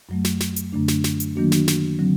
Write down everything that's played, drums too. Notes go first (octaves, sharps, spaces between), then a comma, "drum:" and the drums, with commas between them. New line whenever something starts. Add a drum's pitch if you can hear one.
F#2 F#3 A3
drum: snare
drum: snare
drum: hi-hat
F#2 D3 A3 D4
drum: snare
drum: snare
drum: hi-hat
D#3 F#3 A#3 D4 F#4
drum: snare
drum: snare
D3 F#3 C4